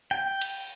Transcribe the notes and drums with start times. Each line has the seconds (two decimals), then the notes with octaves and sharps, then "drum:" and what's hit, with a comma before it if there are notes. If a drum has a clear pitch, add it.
0.11 G5
0.41 drum: cymbal